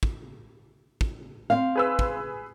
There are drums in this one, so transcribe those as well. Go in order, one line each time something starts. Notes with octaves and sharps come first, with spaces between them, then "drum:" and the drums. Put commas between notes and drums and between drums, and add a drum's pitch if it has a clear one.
drum: kick
drum: kick
C4 F5
G#4 B4 E6
drum: kick